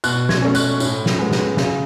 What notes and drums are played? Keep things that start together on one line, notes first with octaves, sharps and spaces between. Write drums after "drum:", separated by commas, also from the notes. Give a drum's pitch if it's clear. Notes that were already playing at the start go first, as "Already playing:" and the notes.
B2 F#6, drum: tambourine
G#6, drum: snare
A3 C#4
F#6, drum: tambourine
A2, drum: tambourine
drum: snare
G#3 B3
drum: snare
C#3, drum: snare